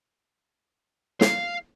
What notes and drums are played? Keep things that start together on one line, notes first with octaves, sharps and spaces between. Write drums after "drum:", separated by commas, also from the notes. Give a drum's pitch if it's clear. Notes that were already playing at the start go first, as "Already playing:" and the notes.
F5, drum: snare